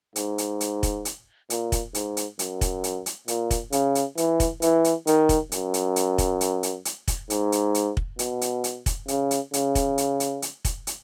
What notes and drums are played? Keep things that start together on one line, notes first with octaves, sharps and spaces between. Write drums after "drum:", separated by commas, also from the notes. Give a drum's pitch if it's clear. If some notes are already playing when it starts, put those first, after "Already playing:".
G#2, drum: hi-hat
drum: hi-hat
drum: hi-hat
drum: kick, hi-hat
drum: hi-hat
A#2, drum: hi-hat
drum: kick, hi-hat
G#2, drum: hi-hat
drum: hi-hat
F#2, drum: hi-hat
drum: kick, hi-hat
drum: hi-hat
drum: hi-hat
A#2, drum: hi-hat
drum: kick, hi-hat
C#3, drum: hi-hat
drum: hi-hat
E3, drum: hi-hat
drum: kick, hi-hat
E3, drum: hi-hat
drum: hi-hat
D#3, drum: hi-hat
drum: kick, hi-hat
F#2, drum: hi-hat
drum: hi-hat
drum: hi-hat
drum: kick, hi-hat
drum: hi-hat
drum: hi-hat
drum: hi-hat
drum: kick, hi-hat
G#2, drum: hi-hat
drum: hi-hat
drum: hi-hat
drum: kick
B2, drum: hi-hat
drum: hi-hat
drum: hi-hat
drum: kick, hi-hat
C#3, drum: hi-hat
drum: hi-hat
C#3, drum: hi-hat
drum: kick, hi-hat
drum: hi-hat
drum: hi-hat
drum: hi-hat
drum: kick, hi-hat
drum: hi-hat